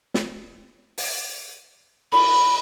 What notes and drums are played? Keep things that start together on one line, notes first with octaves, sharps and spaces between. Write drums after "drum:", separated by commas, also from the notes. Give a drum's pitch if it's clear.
drum: snare
drum: open hi-hat
B5, drum: cymbal